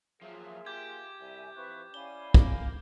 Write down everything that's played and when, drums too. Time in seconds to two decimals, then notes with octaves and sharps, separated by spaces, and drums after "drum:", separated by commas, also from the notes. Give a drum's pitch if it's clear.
0.22 F3 F#3 A#3 F4 G#4 E5
0.66 G4 D6 G6 G#6
1.20 C2 E5 G#5
1.55 E3 F3 C4 B4 C#6 F#6
1.94 C#4 E4 D5 F5 G#5 B5 G7
2.34 A#3, drum: kick